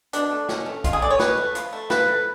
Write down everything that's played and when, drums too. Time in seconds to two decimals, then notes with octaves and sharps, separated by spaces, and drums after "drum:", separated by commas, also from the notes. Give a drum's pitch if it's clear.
0.13 B2 D4, drum: hi-hat
0.31 A3
0.49 B2 C#4, drum: snare
0.66 A3
0.84 B2 F4, drum: kick B1, hi-hat
0.93 G#4
1.02 A3 D5
1.10 C#5
1.19 B2 B4, drum: snare
1.37 A3
1.55 F3, drum: hi-hat
1.73 A3
1.90 F3 B4, drum: snare
2.08 A3